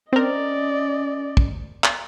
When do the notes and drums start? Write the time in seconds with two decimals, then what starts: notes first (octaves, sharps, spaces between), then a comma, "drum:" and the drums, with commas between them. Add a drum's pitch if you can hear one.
0.13 C4 C#4 A#4 D5 D#5
1.37 drum: kick
1.84 drum: clap